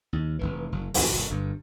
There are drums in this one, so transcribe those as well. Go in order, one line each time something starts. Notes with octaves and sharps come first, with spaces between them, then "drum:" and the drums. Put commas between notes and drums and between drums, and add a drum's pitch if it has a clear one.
D#2
F1 A#1 E3
F#1
A1 F2 G#2 F3, drum: open hi-hat
F#1 F#2 B2
G1 G2